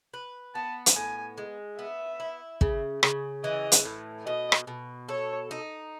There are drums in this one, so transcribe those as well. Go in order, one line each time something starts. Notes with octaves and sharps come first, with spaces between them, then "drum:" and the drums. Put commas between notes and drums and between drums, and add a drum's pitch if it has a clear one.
B4
B3 A5
drum: hi-hat
A2 G#5
G#3
B3 E5
E4
C#3, drum: kick
C#3, drum: rim click
E3 D#5
drum: hi-hat
A2
B2 D#5
drum: rim click
B2
A4 C#5
D#4